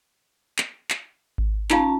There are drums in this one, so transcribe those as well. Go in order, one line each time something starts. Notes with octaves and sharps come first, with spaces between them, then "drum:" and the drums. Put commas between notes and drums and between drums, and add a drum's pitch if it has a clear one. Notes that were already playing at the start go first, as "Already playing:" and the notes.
drum: clap
drum: clap
drum: kick G#1
C#4 D#4 F4 F5 A5 A#5, drum: clap